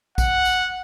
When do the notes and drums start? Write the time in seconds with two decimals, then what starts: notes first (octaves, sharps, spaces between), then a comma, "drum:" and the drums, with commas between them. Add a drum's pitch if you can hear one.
0.18 F#5, drum: kick, tambourine
0.45 drum: tambourine